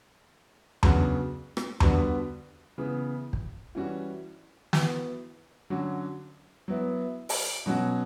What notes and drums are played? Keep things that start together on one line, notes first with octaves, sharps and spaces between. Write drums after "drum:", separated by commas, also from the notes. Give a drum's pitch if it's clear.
C#3 F#3 B3 D4 F#4, drum: tom E2
drum: rim click
D3 G3 B3 D4 F#4, drum: tom E2
C#3 E3 B3
drum: kick
E3 G3 C#4 F#4
E3 B3 F#4, drum: snare
D3 F#3 C#4 F#4
F#3 B3 E4
drum: open hi-hat
B2 F#3 C#4 F#4